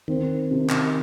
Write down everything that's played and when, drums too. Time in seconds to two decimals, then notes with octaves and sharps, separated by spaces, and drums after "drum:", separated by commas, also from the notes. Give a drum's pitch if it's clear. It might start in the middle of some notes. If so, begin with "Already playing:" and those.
0.08 D#3 C4
0.51 C3
0.70 drum: clap